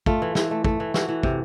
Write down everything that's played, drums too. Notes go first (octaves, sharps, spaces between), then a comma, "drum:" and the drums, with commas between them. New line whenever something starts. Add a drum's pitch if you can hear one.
A3 F4, drum: kick
E3
E3, drum: snare
A3
A3, drum: kick
E3
E3 F#4, drum: snare
E3
C3, drum: kick